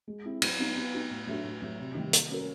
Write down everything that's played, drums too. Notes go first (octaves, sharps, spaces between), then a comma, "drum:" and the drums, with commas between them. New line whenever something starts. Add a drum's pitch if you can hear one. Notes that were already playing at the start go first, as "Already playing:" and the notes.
G#3
C4 E4
F#3, drum: cymbal
B3 D#4
B3
D#4 F#4
A2
F#3 A3 D4 F#4
A2
F#3 A3
C3
D#3 G3
A#3, drum: hi-hat
C#4 F#4 A#4